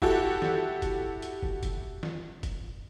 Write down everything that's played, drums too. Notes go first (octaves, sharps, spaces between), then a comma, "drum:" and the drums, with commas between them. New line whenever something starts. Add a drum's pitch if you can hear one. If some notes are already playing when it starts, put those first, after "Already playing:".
E4 F#4 G4 A4, drum: kick
drum: snare
drum: kick, hi-hat
drum: hi-hat
drum: kick
drum: kick, hi-hat
drum: snare
drum: kick, hi-hat